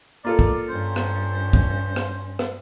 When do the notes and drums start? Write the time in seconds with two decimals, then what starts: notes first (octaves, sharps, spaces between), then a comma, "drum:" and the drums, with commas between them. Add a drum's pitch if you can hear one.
0.25 A#3 F4 A4 D5
0.39 drum: kick
0.69 G2 C#4 C5
0.96 drum: rim click
1.53 drum: kick
1.96 drum: rim click
2.39 drum: rim click